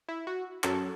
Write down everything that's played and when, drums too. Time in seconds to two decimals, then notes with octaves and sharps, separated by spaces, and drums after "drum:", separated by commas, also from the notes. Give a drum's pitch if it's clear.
0.08 E4
0.27 F#4
0.64 F#2 F#3 A4, drum: clap